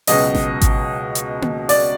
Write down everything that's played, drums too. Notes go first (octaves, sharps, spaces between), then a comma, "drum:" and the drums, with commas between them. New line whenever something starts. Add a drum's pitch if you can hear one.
C#2 B2 F#3 D#5, drum: open hi-hat
drum: snare G#1
drum: kick G#1, hi-hat
drum: hi-hat
drum: tom A#3
D5, drum: open hi-hat